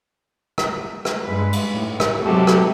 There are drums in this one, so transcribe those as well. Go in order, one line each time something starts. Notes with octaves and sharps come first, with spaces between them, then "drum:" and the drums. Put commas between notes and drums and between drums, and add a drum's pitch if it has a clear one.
drum: rim click
drum: rim click
G2 G#3 B4
drum: cymbal
A2
drum: rim click
C3 F#3 G#3 F#4 G4 A4
drum: rim click